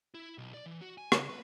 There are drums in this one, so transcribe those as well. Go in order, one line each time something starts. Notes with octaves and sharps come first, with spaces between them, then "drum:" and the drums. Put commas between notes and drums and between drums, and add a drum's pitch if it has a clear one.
E4
B1
D5
E3
F#4
G#5
C#3, drum: rim click
B4